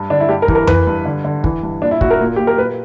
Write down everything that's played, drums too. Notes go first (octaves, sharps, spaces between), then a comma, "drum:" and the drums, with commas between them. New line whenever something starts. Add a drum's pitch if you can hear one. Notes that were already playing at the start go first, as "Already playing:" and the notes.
Already playing: G2
D3 D4
E4
G2 G4
A#4
E3, drum: kick
A#4
E3 B4, drum: tom F2
G2
D3
D3
E3, drum: kick
G2
A#2 D4
E4
A#2 F#4, drum: kick
A#4
A#2
A#2 G4
A#4
A#2 B4